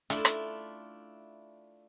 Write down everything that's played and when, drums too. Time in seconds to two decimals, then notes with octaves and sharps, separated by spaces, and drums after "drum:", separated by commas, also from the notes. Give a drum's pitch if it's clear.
0.10 A3 D4 E4 F4, drum: hi-hat
0.25 drum: rim click